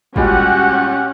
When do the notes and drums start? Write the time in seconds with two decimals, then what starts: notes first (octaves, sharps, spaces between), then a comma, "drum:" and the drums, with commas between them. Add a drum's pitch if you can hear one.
0.16 A#2 G3 G#3 C#4 F#4 G4 F#5, drum: kick